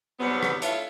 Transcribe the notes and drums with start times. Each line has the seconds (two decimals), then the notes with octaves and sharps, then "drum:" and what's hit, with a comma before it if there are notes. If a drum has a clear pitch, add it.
0.20 G#2 C3 F#3 G3 B3
0.43 drum: rim click
0.62 A3 D4 E4 F4 C#5 E5, drum: hi-hat